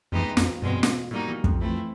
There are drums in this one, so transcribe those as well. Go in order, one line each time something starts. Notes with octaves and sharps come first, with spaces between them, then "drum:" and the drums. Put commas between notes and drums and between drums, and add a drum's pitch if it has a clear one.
F2 E3 G#3 B3 D#4 G4
F2, drum: snare
E2 G2 B2 G#3 C4
drum: snare
A2 G3 A#3 D#4 F#4
E2
F2, drum: kick
E3 A3 C4 E4